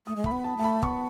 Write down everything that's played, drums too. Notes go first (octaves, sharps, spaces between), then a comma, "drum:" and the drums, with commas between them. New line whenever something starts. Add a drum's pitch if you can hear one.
A3 D#6
G#3
A3 B5, drum: kick
B3
A5
A3 A5
B5
B3 C#6, drum: kick